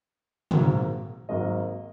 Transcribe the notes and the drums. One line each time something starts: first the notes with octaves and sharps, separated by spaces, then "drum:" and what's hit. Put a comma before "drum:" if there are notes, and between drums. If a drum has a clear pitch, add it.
G#1 G#2 F#3 A#3, drum: tom
G#1 G#2 F#3 A#3 D#5